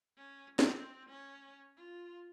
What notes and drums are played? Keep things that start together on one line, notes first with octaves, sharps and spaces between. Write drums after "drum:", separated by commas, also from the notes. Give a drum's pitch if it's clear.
C#4
C4, drum: snare
C#4
F4